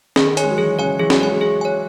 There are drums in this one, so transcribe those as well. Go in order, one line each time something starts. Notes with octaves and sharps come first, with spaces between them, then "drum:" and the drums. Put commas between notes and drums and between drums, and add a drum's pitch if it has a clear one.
D#3 G#4, drum: snare
C#5 G#5, drum: hi-hat
G#3
F#3
E3 G#4
C#3 C#5 G#5
E3 G#4
F#3, drum: snare
G#3 C#5 G#5
F#3
G#4
C#5 G#5